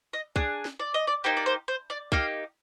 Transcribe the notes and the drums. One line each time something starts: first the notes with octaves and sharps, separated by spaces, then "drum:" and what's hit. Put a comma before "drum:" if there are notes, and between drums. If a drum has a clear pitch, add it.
D#5
D4 G#4, drum: kick
drum: snare
D5
D#5
D5
A#3 D#4 G4 C5
D5
C5
C5
D5
A#3 D#4 G4 F5, drum: kick